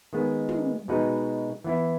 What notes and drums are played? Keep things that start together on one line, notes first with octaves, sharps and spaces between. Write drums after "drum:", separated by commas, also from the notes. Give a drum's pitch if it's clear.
D#3 G#3 B3
drum: tom
B2 G#3 D#4 F#4 B4
E3 B3 E4